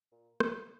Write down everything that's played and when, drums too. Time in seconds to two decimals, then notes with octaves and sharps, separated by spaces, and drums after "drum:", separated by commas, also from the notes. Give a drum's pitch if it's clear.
0.12 A#2
0.40 drum: rim click